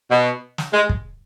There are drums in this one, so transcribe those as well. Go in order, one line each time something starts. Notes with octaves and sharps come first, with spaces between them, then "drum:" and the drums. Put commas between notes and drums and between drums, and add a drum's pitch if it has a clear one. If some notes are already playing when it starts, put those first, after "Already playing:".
B2
drum: snare
G#3
drum: kick